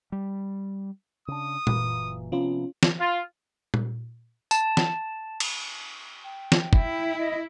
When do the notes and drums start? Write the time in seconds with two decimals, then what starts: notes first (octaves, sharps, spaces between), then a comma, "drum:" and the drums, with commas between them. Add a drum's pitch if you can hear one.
0.12 G3
1.28 C#3 D4 D#6
1.67 F#1 A#2 E3, drum: tom A#2
2.32 C3 F3 B3 C#4 F4
2.83 drum: snare
2.99 F4
3.74 drum: tom A#2
4.51 A5, drum: tambourine
4.77 drum: snare
5.40 drum: cymbal
6.24 G5
6.52 drum: snare
6.73 E4, drum: kick
7.19 D#5